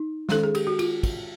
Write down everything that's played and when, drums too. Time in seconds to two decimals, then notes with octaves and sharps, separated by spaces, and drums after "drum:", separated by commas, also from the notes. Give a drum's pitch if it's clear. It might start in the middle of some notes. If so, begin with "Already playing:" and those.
Already playing: D#4
0.29 D#3 G#3 C#4 A4, drum: snare
0.44 G#4
0.55 G4, drum: cymbal
0.67 F#4
0.79 F4, drum: cymbal
1.03 drum: kick, cymbal